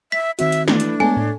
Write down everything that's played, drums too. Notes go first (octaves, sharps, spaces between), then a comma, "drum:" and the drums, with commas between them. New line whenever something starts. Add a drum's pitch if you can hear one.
E5 B6
D#3 C4 F#4 E5, drum: hi-hat
drum: hi-hat
E3 A3 D4 E4, drum: snare
drum: hi-hat
G#3 B3 A4 C#5 G#5
A2